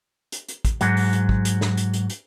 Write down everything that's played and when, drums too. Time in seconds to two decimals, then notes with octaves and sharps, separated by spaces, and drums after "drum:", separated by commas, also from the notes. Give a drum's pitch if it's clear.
0.32 drum: hi-hat
0.48 drum: hi-hat
0.65 drum: kick, hi-hat
0.81 G#2 F#3, drum: hi-hat
0.97 drum: open hi-hat
1.13 drum: hi-hat
1.29 drum: kick
1.45 drum: hi-hat
1.61 drum: snare
1.77 drum: hi-hat
1.93 drum: hi-hat
2.10 drum: hi-hat